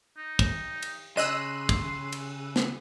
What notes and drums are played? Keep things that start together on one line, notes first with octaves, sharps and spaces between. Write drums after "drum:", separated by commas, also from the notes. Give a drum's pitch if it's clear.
D#4
drum: kick, cymbal
drum: cymbal
C#3 D#5 C6 E6 F#6 D#7
drum: kick, cymbal
drum: cymbal
drum: snare